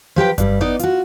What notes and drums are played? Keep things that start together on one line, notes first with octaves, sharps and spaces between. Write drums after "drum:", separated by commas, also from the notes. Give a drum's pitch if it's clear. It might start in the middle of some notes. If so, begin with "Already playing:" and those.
F3 G4 B4 G5
G2 G3, drum: kick G1, hi-hat
B3 D#4 D5
F4 F#4, drum: hi-hat